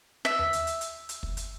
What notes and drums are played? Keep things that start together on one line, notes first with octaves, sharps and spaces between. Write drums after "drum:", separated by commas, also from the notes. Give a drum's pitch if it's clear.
E5, drum: snare
drum: tom D#2
drum: hi-hat
drum: hi-hat
drum: hi-hat
drum: hi-hat
drum: kick
drum: hi-hat